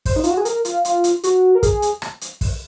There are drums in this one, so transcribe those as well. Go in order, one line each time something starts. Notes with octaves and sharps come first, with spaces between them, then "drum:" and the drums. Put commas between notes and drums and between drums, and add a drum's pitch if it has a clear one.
C5, drum: kick, open hi-hat
D#4
F4, drum: hi-hat
F#4
G#4
A#4, drum: hi-hat
F4, drum: hi-hat
F4, drum: hi-hat
drum: hi-hat
F#4, drum: hi-hat
A#4
G#4, drum: kick, hi-hat
drum: hi-hat
drum: rim click
drum: hi-hat
drum: kick, open hi-hat